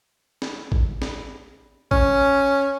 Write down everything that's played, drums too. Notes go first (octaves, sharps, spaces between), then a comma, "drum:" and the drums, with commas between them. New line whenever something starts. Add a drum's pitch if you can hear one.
drum: snare
drum: kick A1
drum: snare
C#4, drum: kick A1